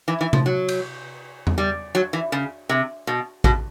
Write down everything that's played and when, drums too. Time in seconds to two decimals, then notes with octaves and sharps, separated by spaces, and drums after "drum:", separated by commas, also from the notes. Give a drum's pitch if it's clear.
0.08 E3
0.21 E3
0.33 F3, drum: tom C3
0.46 F#3
0.68 drum: cymbal
1.47 drum: tom E2
1.58 G3
1.95 F#3
2.13 E3
2.32 C#3
2.69 C3
3.07 B2
3.44 B2, drum: kick A1